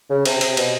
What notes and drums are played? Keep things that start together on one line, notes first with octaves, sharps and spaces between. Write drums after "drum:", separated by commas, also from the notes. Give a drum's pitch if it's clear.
C#3
C3, drum: cymbal
C3, drum: cymbal
B2, drum: cymbal